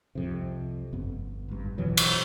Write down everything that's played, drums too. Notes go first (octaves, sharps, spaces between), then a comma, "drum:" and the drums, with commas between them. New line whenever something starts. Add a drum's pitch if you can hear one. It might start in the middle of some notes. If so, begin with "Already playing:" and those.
C2 F2 C3
G1 F2 B3
G#1 G2
A#1 B2 E3 F#3
drum: cymbal